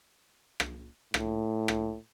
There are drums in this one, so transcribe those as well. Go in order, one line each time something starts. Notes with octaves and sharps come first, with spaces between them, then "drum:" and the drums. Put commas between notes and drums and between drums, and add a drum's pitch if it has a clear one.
drum: rim click
A2, drum: rim click
drum: rim click